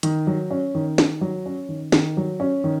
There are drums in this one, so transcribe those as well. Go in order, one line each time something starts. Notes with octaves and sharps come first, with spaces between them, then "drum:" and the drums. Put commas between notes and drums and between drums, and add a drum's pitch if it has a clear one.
D#3, drum: hi-hat
F#3
C#4
D#3
D#3, drum: snare
F#3
C#4
D#3
D#3, drum: snare
F#3
C#4
D#3